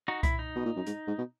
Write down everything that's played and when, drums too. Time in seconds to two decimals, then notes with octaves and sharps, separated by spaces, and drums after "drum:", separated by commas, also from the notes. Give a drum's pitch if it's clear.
0.08 D#4 F#4
0.23 E4, drum: kick C2, hi-hat
0.39 D#4
0.55 B2
0.65 A#2
0.76 F#2
0.87 G#2, drum: hi-hat
1.07 G#2
1.18 B2